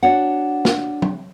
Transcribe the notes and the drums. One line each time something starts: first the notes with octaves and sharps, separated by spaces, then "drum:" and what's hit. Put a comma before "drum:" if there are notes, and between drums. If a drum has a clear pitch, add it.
D4 F#4 C#5 F#5
drum: snare
drum: tom